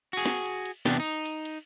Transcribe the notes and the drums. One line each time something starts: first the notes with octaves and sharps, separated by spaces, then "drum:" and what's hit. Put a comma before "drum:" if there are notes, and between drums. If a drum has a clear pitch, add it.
F#4 G#4
drum: snare
drum: cymbal
drum: cymbal
E2 C3 B3 D4 G4, drum: snare
D#4
drum: cymbal
drum: cymbal